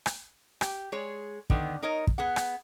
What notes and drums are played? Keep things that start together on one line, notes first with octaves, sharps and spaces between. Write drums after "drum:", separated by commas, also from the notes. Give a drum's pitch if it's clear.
drum: rim click
G4, drum: rim click
G#3 G#4 C#5
D3 D#3 B3, drum: kick
D#4 A#4 C#5 D#5
drum: kick
B3 G#4 F#5
drum: rim click